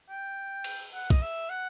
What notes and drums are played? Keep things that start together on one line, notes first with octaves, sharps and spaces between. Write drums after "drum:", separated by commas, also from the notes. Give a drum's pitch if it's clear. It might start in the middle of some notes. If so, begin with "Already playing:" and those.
G5
drum: cymbal
F#5
D#5, drum: kick B1
E5
F#5